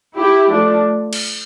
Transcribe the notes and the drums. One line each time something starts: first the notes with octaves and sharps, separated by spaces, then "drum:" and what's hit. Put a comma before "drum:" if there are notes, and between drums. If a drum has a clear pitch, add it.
E4 G4
F3 A3 D4
drum: cymbal